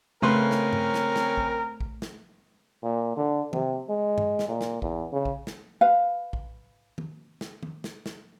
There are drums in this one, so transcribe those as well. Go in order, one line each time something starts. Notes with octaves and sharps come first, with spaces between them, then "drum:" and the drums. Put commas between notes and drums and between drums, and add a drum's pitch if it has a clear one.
C#3 A3 C4 C#4 A#4 B4 G#5 C6
drum: snare
drum: tom G2
drum: snare
drum: snare
drum: kick A1
drum: kick A1
drum: snare
A#2
D3
C3, drum: tom D#3
G#3
drum: tom G2
drum: snare
A#2
drum: snare
E2, drum: kick A1
C#3
drum: kick A1
drum: snare
B4 F5
drum: kick A1
drum: tom D#3
drum: snare
drum: tom D#3
drum: snare
drum: snare